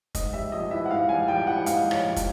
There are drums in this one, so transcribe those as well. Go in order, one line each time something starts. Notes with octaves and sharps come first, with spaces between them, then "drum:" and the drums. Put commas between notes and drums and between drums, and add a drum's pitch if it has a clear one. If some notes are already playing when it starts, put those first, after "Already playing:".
G#2 D#5, drum: kick, hi-hat
G3 E5
A#1 D#5
E3 E5
F#5
G#2 F5
G3 G#5
A#1 G5
E3 F#5
G#2 F5, drum: hi-hat
G3
C#5, drum: rim click
A#1
drum: kick, hi-hat